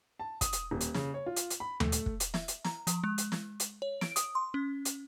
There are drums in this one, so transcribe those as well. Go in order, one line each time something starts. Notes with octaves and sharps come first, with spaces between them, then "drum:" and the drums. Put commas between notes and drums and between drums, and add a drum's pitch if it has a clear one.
A5
D#6, drum: kick, hi-hat
drum: hi-hat
D#1
drum: hi-hat
C#3, drum: snare
C#5
F4
drum: hi-hat
drum: hi-hat
B5
A3, drum: tom D#2
drum: hi-hat
drum: kick
drum: hi-hat
E5, drum: snare
drum: hi-hat
A#5, drum: snare
F3, drum: hi-hat
G#3
drum: hi-hat
drum: snare
drum: hi-hat
C#5
D7, drum: snare
D#6, drum: hi-hat
C6
C#4
drum: hi-hat